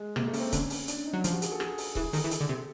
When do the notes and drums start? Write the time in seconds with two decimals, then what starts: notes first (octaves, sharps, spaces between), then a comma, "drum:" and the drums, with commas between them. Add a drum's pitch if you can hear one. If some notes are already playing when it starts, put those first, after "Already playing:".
Already playing: G#3
0.16 C3 A#3, drum: rim click
0.28 A3
0.33 C#3, drum: open hi-hat
0.39 C4
0.52 D3 C#4, drum: kick C#1, hi-hat
0.70 drum: open hi-hat
0.88 D4, drum: hi-hat
1.06 D#4
1.13 F#3
1.24 F3 F4, drum: hi-hat
1.33 F#4
1.42 G#4, drum: hi-hat
1.51 A4
1.60 G#4, drum: rim click
1.78 drum: open hi-hat
1.95 E3 G#4, drum: kick C#1
2.13 D#3 A4, drum: open hi-hat
2.24 E3
2.31 D#3, drum: hi-hat
2.41 D3
2.49 C3